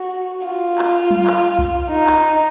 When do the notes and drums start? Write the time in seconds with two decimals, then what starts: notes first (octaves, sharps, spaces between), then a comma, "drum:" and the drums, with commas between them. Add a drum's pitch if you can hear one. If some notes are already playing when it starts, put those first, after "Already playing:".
Already playing: F#4
0.47 F4
0.79 drum: clap
1.11 drum: tom F#3
1.27 drum: clap
1.59 drum: kick C2
1.90 D#4
2.07 drum: clap